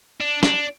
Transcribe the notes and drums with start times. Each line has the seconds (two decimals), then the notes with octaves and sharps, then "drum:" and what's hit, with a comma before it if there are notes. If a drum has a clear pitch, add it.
0.20 D4
0.43 D4, drum: snare